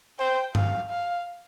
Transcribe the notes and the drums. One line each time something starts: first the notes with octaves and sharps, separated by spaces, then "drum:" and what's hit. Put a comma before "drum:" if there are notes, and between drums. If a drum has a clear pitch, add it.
C5 G5
F5, drum: tom G2
F5